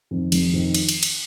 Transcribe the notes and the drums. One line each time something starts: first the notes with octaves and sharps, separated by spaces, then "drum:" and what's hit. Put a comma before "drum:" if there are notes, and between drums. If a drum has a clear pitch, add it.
F2 D#3
F1, drum: cymbal
F2 D#3
drum: cymbal
drum: cymbal
drum: cymbal